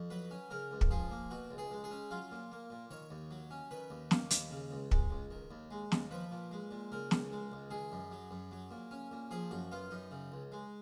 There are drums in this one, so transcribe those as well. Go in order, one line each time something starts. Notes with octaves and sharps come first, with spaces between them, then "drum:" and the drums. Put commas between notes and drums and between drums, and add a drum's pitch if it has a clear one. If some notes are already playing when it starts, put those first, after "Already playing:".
Already playing: F2
F#3 B4
C#4
C#3 A#4
C#2
drum: kick
F3 G#4
A#3
B2 F#4
C#2
G#4
G#3
G#4
C#4
F#3 F4
A#2
A#3
A#2
D#3 C#5
D#2
F#3
C#4
D#3 B4
D#2
A#3, drum: snare
D#2, drum: hi-hat
C#3
C#2
G#3, drum: kick
C#2
D#3
D#2
G#3
D#2, drum: snare
F3 B4
A#2
G#3
A#2
C#3 A#4
C#2, drum: snare
G#3
C#2
D#3 G#4
F#2
F#3
F#2
F#3
A#2
C#4
A#2
F3 G#4
F#2 F#4
B3 F4
F#2 D#4
C#3
C#2
G#3